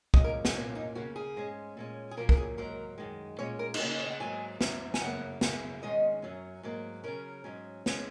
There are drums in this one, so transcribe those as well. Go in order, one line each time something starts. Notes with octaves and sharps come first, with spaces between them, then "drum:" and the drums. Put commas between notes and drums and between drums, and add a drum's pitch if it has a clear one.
A#2 G#3 C#4 D#5, drum: kick
A#4
G#4, drum: snare
A#2 A#3 C#4 F#4
D#4
C#3 A#3 C#4 F#4
G#4
G#2 G#3 C#4
A#2 G#3 C#4
G#4
A#2 F#3 A#3 C#4 A#4
A#4, drum: kick
G#4
G#2 F#3 A#3 A#4
F#2 D#3 G#3
A#2 G#3 C#4 C#5
A#4
D#4, drum: cymbal
C#3 A#3 C#4 F#4
D#4
C#5
D#5
F#5
G#2 F#3 A#3 G#5
F#2 F#3 C#4, drum: snare
G#5, drum: snare
F#2 C#3 A#3 F#5
F#2 C#3 A#3 C#4, drum: snare
G#2 D#3 G#3 C#4 D#5
F#2 F#3 C#4
G#2 F#3 A#3
C#3 F#3 C#4 A#4
G#2 F#3 C#4
G#3 C#4, drum: snare